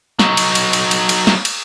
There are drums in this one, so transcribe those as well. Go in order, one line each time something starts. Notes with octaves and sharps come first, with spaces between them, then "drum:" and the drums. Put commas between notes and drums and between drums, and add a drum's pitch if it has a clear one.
F#3 D#4, drum: snare
drum: cymbal
drum: cymbal
drum: cymbal
drum: cymbal
drum: cymbal
drum: snare
drum: cymbal